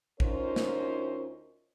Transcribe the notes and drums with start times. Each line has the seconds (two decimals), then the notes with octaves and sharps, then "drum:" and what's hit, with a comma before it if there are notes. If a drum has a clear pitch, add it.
0.20 D2 C#4 D#4 F4 A#4 C5, drum: kick A1
0.56 drum: snare